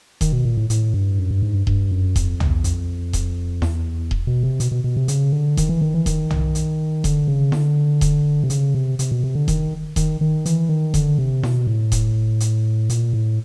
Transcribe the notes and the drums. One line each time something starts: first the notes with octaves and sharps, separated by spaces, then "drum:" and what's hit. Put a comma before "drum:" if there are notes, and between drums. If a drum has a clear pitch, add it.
D#3, drum: kick D#1, hi-hat
B2
A#2
A2
A2, drum: hi-hat
G2
F#2
G2
G#2
G2
G2, drum: kick D#1
F#2
F2, drum: kick D#1, hi-hat
E2, drum: tom B1
F2, drum: hi-hat
drum: kick D#1, hi-hat
E2, drum: snare E4
drum: kick D#1
B2
C3
B2, drum: hi-hat
B2
B2
C3
C#3, drum: hi-hat
D3
D#3, drum: kick D#1, hi-hat
E3
D#3
E3
D#3, drum: kick D#1, hi-hat
drum: tom B1
drum: hi-hat
D3, drum: kick D#1, hi-hat
C#3
D3, drum: snare E4
drum: kick D#1, hi-hat
C3
C#3, drum: hi-hat
C3
C3, drum: hi-hat
B2
C3
D3
D#3, drum: kick D#1, hi-hat
D#3, drum: kick D#1, hi-hat
D#3
E3, drum: hi-hat
D#3
D3, drum: kick D#1, hi-hat
C3
B2, drum: snare E4
A2
drum: kick D#1, hi-hat
drum: hi-hat
A#2, drum: hi-hat
A2